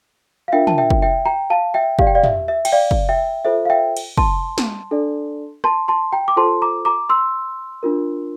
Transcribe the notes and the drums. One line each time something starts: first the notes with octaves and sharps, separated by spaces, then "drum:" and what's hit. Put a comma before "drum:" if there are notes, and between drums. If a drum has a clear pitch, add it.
F5
D4 F4 A#4 E5 G5
A5, drum: tom
E5 G5
drum: kick
E5 G5
G5 A#5
F5 A5
E5 G5
G4 D5 F5, drum: kick
G5
D5 F5
E5, drum: tom
E5
G5, drum: cymbal
D5 F5
drum: kick
E5 G5
F4 A4 C5 E5
F5
E5 G5
drum: cymbal
A5 C6, drum: kick
drum: snare
D4 A4 D5
A5 C6, drum: rim click
A5 C6
G5 A#5
D6
F4 A4 C5 A5 C6
A#5 D6
A#5 D6
C6 E6
D4 F4 A#4